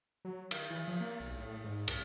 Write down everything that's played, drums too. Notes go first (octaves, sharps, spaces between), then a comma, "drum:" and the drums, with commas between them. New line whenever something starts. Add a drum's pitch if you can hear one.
F#3
D#3, drum: cymbal
E3
F3
A#3
B1
A2
G#2
C2, drum: cymbal